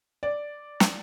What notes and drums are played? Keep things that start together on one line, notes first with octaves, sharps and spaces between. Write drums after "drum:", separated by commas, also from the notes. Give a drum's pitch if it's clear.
D5
drum: snare